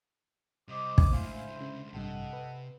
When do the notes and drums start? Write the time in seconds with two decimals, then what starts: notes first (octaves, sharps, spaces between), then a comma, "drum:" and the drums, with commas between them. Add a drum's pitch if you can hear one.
0.69 C3 G3 C5 D#5 D6
0.98 drum: kick
1.12 C#2 A2 D3 E4 C5 F5 G#5
1.61 C#3
1.93 A1 G2 C3 A4 D#5 F#5
2.33 B4